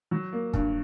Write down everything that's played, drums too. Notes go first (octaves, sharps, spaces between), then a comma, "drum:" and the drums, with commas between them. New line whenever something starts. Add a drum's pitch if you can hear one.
F#3
A#3
G2, drum: kick